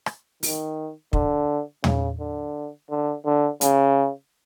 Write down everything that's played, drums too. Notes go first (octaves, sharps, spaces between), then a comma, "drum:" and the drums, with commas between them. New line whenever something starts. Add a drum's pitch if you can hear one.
drum: rim click
D#3, drum: open hi-hat
D3, drum: kick
C#3, drum: tom
D3
D3
D3
C#3, drum: hi-hat